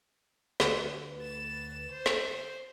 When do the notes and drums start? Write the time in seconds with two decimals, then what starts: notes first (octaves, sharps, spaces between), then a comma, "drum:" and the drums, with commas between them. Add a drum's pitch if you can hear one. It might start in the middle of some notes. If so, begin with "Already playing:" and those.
0.60 D2 D3 B4, drum: snare
1.22 A6 E7
1.91 C5
2.06 drum: snare